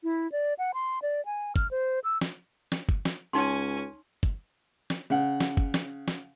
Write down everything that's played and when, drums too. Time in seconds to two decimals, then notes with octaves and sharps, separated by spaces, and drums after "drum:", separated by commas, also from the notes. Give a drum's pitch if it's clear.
0.04 E4
0.32 D5
0.59 F#5
0.74 C6
1.02 D5
1.26 G#5
1.56 F6, drum: kick F#1
1.71 C5
2.04 E6
2.21 drum: snare
2.72 drum: snare
2.89 drum: kick F#1
3.05 drum: snare
3.33 C#2 C#4 D#4 G#5 C6
4.23 drum: kick F#1
4.90 drum: snare
5.10 C#3 F#5
5.40 drum: snare
5.57 drum: kick F#1
5.74 drum: snare
6.08 drum: snare